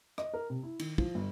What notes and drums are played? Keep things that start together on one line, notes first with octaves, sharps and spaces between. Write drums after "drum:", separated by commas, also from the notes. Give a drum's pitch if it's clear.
D#5, drum: rim click
A#4
C3
E4
D#3, drum: cymbal
F3, drum: kick
G1